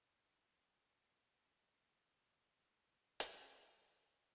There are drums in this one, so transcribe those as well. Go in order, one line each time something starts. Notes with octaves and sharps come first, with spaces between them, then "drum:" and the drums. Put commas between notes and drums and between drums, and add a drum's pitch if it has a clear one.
G4
G#5
E4 C5
D#4 G4
B4 F6
G#4 D5 G#5
drum: hi-hat